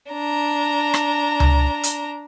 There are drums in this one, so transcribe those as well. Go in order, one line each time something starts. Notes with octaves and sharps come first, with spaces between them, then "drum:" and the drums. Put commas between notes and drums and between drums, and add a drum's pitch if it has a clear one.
D4 A#5
drum: rim click
drum: tom C#2
drum: hi-hat